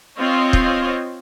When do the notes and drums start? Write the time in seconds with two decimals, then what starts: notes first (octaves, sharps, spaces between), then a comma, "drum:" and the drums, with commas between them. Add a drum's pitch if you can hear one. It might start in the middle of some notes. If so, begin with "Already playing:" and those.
0.18 C4 F4 C5 C#5 D#5
0.53 drum: kick